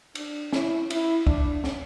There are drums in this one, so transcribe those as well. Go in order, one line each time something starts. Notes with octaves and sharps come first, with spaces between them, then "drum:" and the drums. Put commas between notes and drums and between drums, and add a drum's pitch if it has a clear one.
D4, drum: cymbal
E4, drum: snare
E4, drum: cymbal
D4, drum: kick
drum: snare